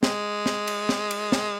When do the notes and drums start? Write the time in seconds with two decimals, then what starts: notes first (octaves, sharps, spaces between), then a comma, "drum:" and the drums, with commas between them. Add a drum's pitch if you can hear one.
0.03 G#3, drum: snare
0.46 drum: snare
0.67 drum: cymbal
0.89 drum: snare
1.11 drum: cymbal
1.32 drum: snare